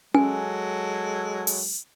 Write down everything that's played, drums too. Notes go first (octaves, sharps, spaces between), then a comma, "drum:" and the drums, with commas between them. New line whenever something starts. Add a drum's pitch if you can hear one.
F#3 G#3 A4 G#5, drum: tom C#4
drum: open hi-hat